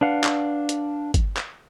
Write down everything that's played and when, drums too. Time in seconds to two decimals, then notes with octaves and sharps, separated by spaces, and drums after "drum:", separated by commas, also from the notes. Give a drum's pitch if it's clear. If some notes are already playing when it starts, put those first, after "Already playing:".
0.01 D4 B4 F5 F#5
0.24 drum: clap
0.69 drum: hi-hat
1.14 drum: kick G1, hi-hat
1.37 drum: clap